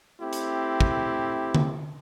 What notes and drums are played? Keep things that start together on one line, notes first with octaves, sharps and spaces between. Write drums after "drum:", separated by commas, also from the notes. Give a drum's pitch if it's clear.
A3 C4 E4 G4
drum: hi-hat
drum: kick
drum: tom D3